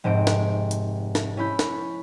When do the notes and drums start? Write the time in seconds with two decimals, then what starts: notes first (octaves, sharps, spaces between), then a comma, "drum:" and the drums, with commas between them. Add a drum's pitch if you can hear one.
0.04 F1 G#2 C4 D7
0.27 drum: snare
0.71 drum: hi-hat
1.15 drum: snare
1.37 C#4 E4 B5 G6
1.59 drum: snare